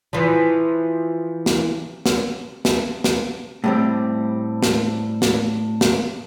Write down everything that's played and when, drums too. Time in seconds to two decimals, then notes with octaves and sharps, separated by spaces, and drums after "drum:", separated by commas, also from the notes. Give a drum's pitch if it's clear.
0.13 E3 F3
1.46 drum: snare
2.06 drum: snare
2.65 drum: snare
3.04 drum: snare
3.64 A2 G3 C4
4.63 drum: snare
5.22 drum: snare
5.81 drum: snare